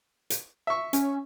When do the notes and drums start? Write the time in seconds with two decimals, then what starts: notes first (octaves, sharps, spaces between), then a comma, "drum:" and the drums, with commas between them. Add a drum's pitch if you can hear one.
0.30 drum: hi-hat
0.67 E5 C#6
0.93 C#4, drum: hi-hat